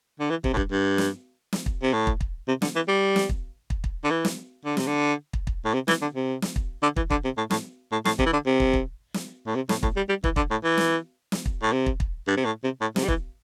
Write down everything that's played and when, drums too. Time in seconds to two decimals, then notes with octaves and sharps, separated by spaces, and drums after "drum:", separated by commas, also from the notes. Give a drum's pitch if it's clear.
0.20 D3
0.30 E3
0.44 C3, drum: kick
0.53 A2
0.57 G2, drum: kick
0.71 G2
0.98 drum: snare
1.53 drum: snare
1.66 drum: kick
1.83 C3
1.93 A2
2.07 drum: kick
2.21 drum: kick
2.48 C3
2.62 D3, drum: snare
2.75 E3
2.88 G3
3.16 drum: snare
3.29 drum: kick
3.70 drum: kick
3.84 drum: kick
4.04 D3
4.10 E3
4.25 drum: snare
4.65 D3
4.77 C3, drum: snare
4.87 D3
5.33 drum: kick
5.47 drum: kick
5.65 A2
5.74 C3
5.88 E3, drum: snare
6.02 D3
6.14 C3
6.42 drum: snare
6.56 drum: kick
6.82 D3
6.96 E3, drum: kick
7.10 D3, drum: kick
7.24 C3
7.37 A2
7.50 A2, drum: snare
7.92 A2
8.05 A2, drum: snare
8.19 C3, drum: kick
8.26 E3
8.33 D3
8.46 C3
8.60 drum: kick
8.74 drum: kick
9.14 drum: snare
9.47 A2
9.55 C3
9.69 A2, drum: snare
9.83 A2, drum: kick
9.96 G3
10.09 G3
10.24 E3, drum: kick
10.36 D3, drum: kick
10.51 A2
10.64 E3
10.78 drum: snare
11.32 drum: snare
11.46 drum: kick
11.62 A2
11.72 C3
11.86 drum: kick
12.00 drum: kick
12.28 G2
12.37 C3
12.45 A2
12.63 C3
12.81 A2
12.96 C3, drum: snare
13.04 G3
13.08 E3, drum: kick